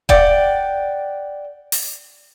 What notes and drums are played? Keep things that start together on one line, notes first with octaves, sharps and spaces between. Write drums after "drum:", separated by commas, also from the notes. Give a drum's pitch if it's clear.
D5 F#5 G5, drum: kick E1
drum: open hi-hat